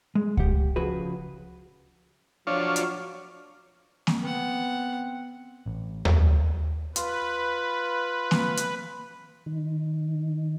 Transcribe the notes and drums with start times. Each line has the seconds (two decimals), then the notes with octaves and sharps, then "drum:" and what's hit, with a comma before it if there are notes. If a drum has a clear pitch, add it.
0.15 G#3
0.37 G4 F#5, drum: kick C#2
0.76 C#3 F3 F#4 G#4 B4
2.47 F3 F#3 D4 F4 C#5
2.76 drum: hi-hat
4.07 drum: snare A#3
4.22 B3 C4 F#5
5.66 A1
6.05 drum: tom D#2
6.96 F4 B4, drum: hi-hat
8.31 drum: snare A#3
8.57 drum: hi-hat
9.46 D#3